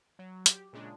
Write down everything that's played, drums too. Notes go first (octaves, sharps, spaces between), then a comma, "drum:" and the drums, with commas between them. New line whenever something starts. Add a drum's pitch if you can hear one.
F#3
G4, drum: hi-hat
A#2 C#3 G#3 D4